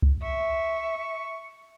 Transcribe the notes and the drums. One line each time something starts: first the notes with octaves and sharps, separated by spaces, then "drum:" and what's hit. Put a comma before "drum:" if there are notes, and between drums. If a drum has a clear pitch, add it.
drum: kick C2
E5 C#6